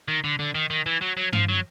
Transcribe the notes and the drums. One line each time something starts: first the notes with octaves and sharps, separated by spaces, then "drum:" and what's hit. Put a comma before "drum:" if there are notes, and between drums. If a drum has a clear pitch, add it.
D#3
D3
D3
D#3
D#3
E3
F#3
F#3
F3, drum: tom G2
F#3